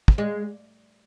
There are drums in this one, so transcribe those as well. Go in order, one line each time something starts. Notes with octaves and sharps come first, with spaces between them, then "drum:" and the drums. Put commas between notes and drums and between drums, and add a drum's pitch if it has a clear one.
drum: kick
G#3